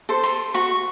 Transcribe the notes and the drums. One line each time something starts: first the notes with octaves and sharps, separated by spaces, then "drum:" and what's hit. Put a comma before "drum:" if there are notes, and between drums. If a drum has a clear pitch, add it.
A4 C5
C6, drum: tambourine
F#4 C#6